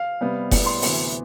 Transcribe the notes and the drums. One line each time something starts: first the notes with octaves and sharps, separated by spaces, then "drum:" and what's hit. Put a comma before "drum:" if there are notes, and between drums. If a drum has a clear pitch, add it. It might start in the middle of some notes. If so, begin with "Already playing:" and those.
Already playing: F5
C3 G3 B3
A2 G3 B3, drum: kick F1, open hi-hat
C6
D2 C3 E3 B3, drum: open hi-hat